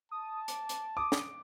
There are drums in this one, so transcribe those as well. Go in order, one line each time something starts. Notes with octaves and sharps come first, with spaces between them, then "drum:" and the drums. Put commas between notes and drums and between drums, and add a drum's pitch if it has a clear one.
A5 D#6
D6, drum: hi-hat
drum: hi-hat
D6 D#6
drum: snare